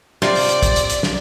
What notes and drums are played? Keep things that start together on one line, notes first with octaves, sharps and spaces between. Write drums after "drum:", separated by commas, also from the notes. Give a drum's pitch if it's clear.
C3 F4 C5 D5, drum: snare
drum: open hi-hat
drum: hi-hat
drum: kick, hi-hat
drum: hi-hat
drum: hi-hat
drum: snare